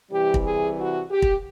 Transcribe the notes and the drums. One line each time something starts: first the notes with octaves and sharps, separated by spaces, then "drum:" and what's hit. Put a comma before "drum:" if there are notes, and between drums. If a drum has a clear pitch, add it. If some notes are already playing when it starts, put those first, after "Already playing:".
C3 E3 G3 G4
drum: kick
G#4
F#4
G4
drum: kick